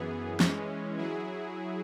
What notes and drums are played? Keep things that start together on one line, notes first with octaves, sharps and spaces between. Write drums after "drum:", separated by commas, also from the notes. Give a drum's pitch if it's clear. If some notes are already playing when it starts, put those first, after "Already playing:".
Already playing: F#2 E3 B3 G#4
E3 G#3 C#4, drum: snare
F#3 E4 G#4